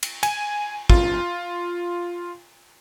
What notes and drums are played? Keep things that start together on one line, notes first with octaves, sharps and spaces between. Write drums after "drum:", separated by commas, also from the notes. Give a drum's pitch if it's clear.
drum: cymbal
G#5, drum: cymbal
F4, drum: kick